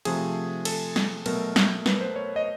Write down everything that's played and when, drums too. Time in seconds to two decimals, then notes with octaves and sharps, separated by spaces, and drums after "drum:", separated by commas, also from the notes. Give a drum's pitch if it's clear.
0.05 C3 F3 A3 G#4, drum: cymbal
0.65 A4, drum: cymbal
0.96 drum: snare
1.26 B2 F#3 A3 A#4, drum: cymbal
1.56 drum: snare
1.86 B4, drum: snare
2.01 C5
2.16 C#5
2.36 D#5